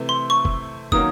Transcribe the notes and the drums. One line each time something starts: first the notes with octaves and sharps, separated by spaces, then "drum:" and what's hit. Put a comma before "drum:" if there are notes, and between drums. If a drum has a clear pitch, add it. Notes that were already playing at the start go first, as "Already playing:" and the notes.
Already playing: C3 E3 A3
C6
C#6
drum: kick
D#3 F#3 A#3 C#4 D#6, drum: kick